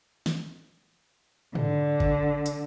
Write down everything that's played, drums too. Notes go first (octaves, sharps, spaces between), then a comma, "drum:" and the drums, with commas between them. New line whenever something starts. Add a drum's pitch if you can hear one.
drum: snare
D3, drum: tom
drum: kick G#1
drum: hi-hat